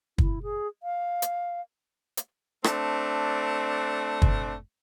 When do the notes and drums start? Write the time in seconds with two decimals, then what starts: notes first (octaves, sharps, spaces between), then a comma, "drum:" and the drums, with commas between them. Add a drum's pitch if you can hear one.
0.18 E4, drum: kick
0.43 G#4
0.83 F5
1.22 drum: hi-hat
2.17 drum: hi-hat
2.64 A3 C4 D4, drum: rim click
4.22 drum: kick